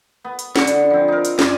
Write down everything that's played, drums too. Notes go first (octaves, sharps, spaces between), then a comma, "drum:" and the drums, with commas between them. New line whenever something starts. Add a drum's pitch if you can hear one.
B3
drum: hi-hat
D3 F#5, drum: snare
drum: hi-hat
F3 C4
D#4 A#4
drum: hi-hat
G2 F4 D5 G#5, drum: snare